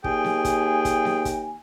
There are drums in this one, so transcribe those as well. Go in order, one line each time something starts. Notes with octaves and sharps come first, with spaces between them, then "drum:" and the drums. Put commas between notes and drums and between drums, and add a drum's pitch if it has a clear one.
D#2 G#4 G5 G#5, drum: kick
drum: snare B3
drum: kick, hi-hat
drum: kick, hi-hat
drum: snare B3
drum: kick, hi-hat